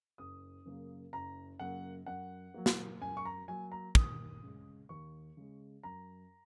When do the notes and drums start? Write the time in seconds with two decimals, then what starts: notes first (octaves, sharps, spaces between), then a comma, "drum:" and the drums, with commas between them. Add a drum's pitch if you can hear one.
0.18 F#1 D#6
0.65 F#2 C#3 A#3
1.13 F#1 A#5
1.59 F#2 C#3 A#3 F#5
2.06 F#2 F#5
2.54 F#3 A#3
2.66 drum: snare
3.01 F#2 G#5
3.17 C#6
3.25 A#5
3.48 F#3 A#3 G#5
3.72 A#5
3.95 D#2 D#6, drum: kick
4.43 C#3 G#3
4.89 D#2 C#6
5.37 C#3 G#3
5.83 F#2 A#5